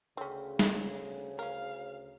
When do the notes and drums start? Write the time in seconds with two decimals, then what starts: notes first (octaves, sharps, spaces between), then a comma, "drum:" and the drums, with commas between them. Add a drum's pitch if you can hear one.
0.17 D2 C#3 C4 C#4
0.59 drum: snare
1.39 C#4 A#4 F5